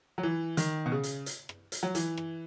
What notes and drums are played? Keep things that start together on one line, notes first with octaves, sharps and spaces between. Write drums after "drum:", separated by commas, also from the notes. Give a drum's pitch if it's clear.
F#3
E3
D#3, drum: hi-hat
B2
C#3
drum: hi-hat
drum: hi-hat
drum: rim click
drum: hi-hat
F#3
E3, drum: hi-hat
drum: rim click